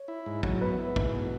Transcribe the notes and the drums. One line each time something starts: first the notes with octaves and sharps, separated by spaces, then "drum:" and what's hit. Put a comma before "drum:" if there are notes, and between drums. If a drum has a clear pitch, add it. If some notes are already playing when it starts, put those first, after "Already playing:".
Already playing: C#5
E4
G#2
F#3, drum: kick
B3 B4
E4
G#2, drum: kick
B2